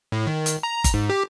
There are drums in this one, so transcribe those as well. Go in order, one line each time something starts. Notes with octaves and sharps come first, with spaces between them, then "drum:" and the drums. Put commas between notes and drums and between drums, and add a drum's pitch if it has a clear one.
A2
D#3
drum: hi-hat
A#5
drum: kick G1, hi-hat
G#2
G4